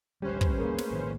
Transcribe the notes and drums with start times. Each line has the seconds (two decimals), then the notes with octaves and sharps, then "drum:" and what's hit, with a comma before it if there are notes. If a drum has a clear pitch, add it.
0.22 G#1 D2 G3 C#4 G4 B4 C5
0.41 drum: kick
0.58 A#3 G#4 A#4
0.78 drum: snare
0.91 A#1 A2 D#3